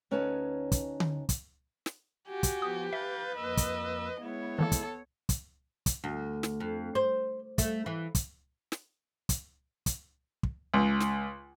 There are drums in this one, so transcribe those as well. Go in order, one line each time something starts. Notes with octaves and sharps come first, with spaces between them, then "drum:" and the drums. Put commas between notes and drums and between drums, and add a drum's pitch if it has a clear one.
D2 C#4 D#4 B4 C#5 A5
drum: kick, hi-hat
drum: tom D3
drum: kick, hi-hat
drum: snare
F#4 G4 G#5
drum: kick, hi-hat
F3 B3 D#6
B4 E5 F5 G6 A6
F2 A#3 D#5 E6
drum: kick, hi-hat
G#3 B3 E4 C#5
D#3 E3 A#3 A4
drum: kick, hi-hat
drum: kick, hi-hat
drum: kick, hi-hat
D2
drum: snare
F2
C5
A3, drum: kick, hi-hat
E3
drum: kick, hi-hat
drum: snare
drum: kick, hi-hat
drum: kick, hi-hat
drum: kick
C#2
drum: snare